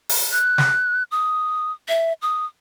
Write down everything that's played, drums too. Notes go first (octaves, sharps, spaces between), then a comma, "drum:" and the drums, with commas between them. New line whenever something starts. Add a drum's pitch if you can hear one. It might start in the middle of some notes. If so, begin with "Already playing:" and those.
drum: open hi-hat
F#6
drum: snare
D#6
E5
D#6